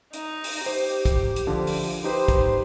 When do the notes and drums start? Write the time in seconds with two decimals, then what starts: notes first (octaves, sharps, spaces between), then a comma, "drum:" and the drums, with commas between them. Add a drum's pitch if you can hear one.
0.13 D#4, drum: hi-hat
0.44 drum: open hi-hat
0.66 G4 C5
1.05 drum: kick, hi-hat
1.36 drum: hi-hat
1.47 D3 F3
1.67 drum: open hi-hat
2.04 D#4 G4 B4 C5
2.28 drum: kick, hi-hat